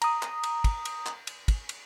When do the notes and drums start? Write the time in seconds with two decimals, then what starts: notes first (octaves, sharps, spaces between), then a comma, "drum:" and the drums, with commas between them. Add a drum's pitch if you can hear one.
0.02 A#5 D#6, drum: cymbal
0.22 drum: clap
0.43 drum: cymbal
0.64 drum: kick, cymbal
0.85 drum: cymbal
1.06 drum: clap
1.27 drum: cymbal
1.48 drum: kick, cymbal
1.69 drum: cymbal